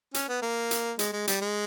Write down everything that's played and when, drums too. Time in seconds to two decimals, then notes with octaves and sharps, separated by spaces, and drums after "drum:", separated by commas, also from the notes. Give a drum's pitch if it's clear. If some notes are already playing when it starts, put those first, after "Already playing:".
0.14 C#4, drum: hi-hat
0.29 B3
0.42 A#3
0.71 drum: hi-hat
0.99 G#3, drum: hi-hat
1.13 G#3
1.28 G3, drum: hi-hat
1.41 G#3